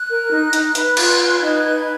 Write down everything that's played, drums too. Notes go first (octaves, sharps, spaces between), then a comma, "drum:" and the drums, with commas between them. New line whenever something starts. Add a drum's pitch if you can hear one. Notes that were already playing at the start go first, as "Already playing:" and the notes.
Already playing: F#6
A#4
D#4
D#4, drum: hi-hat
B4, drum: hi-hat
F4, drum: cymbal
B4
D#4 G#6
F#6
B4
G#6